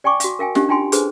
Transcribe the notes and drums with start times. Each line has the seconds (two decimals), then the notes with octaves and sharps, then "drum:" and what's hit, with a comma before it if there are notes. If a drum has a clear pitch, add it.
0.04 D5 G5 G#5 C#6 D6
0.20 F#4 F5, drum: hi-hat
0.39 A#4 F5 G5 G#5
0.55 C#4 D4 G4 D#5 F5, drum: snare
0.69 D4 D#4 F4 G5 G#5 C6
0.92 D4 G#4 A4 B4 C5, drum: hi-hat